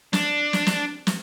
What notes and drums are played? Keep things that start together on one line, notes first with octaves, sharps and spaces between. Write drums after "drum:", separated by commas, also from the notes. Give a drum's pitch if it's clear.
D4, drum: snare
drum: snare
drum: snare
drum: snare